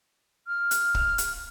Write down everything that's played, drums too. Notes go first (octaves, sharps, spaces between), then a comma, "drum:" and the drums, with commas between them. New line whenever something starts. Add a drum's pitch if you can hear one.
F6
drum: hi-hat
drum: kick C#1
drum: hi-hat